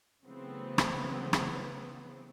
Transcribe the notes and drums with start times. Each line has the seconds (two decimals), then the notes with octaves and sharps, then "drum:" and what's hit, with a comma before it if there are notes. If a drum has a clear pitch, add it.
0.23 C#3 E3 F#3 A3 B3 C4
0.78 drum: rim click
1.33 drum: rim click